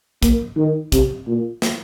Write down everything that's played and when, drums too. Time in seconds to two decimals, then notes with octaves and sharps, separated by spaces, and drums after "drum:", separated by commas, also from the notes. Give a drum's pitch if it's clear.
0.23 A#3, drum: kick, hi-hat
0.57 D#3
0.92 C3, drum: kick, hi-hat
1.27 A#2
1.62 drum: snare